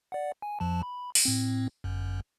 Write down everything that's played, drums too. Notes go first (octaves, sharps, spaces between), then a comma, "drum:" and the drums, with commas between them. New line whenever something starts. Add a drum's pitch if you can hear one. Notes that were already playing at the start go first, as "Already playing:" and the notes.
D5 F#5
G#5
F2 F3 A5
B5
drum: open hi-hat
A2 C4
G1 F#2